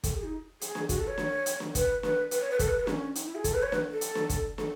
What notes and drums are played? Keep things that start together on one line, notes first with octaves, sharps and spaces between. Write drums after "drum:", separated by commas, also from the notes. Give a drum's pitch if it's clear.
A4, drum: kick, hi-hat
G#4
D#4
G#4, drum: hi-hat
drum: snare
F#4, drum: kick, hi-hat
A4
C#5
drum: snare
drum: hi-hat
drum: snare
B4, drum: kick, hi-hat
B4, drum: snare
B4, drum: hi-hat
C#5
B4
A4, drum: kick, hi-hat
B4
B4
C#4, drum: snare
D#4, drum: hi-hat
E4
G#4
A4, drum: kick, hi-hat
B4
C#5
B4, drum: snare
A4
drum: hi-hat
drum: snare
drum: kick, hi-hat
A4, drum: snare